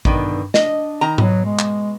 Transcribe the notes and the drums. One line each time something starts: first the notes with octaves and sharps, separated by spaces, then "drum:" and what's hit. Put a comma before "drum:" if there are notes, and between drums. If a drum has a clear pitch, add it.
G2 B2 D3 D#3, drum: kick A1
D4 D#5, drum: snare
D#3 A#5
B2 F#3, drum: tom G#2
G#3
drum: clap